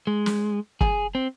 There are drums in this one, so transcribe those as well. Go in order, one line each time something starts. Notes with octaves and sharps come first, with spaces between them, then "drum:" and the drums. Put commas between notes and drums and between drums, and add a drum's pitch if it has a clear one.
G#3
drum: snare
G#4, drum: kick
C4